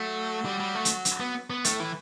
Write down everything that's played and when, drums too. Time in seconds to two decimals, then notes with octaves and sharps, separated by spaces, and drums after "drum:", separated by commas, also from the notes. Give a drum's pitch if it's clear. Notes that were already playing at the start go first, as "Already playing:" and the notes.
Already playing: F#3 A3
0.45 G3
0.60 G3
0.75 A3
0.85 drum: hi-hat
1.05 drum: hi-hat
1.20 B3
1.50 B3
1.64 A2 A3, drum: hi-hat
1.80 E3